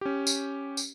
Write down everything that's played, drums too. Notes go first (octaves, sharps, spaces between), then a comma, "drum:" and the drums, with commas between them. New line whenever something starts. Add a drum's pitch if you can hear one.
C#4 G4
drum: tambourine
drum: tambourine